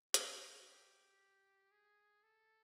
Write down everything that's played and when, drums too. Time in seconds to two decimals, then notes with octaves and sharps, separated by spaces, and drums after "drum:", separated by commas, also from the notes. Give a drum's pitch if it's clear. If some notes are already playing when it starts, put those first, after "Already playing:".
0.14 F#4, drum: hi-hat
0.67 G4
1.71 G#4
2.23 A4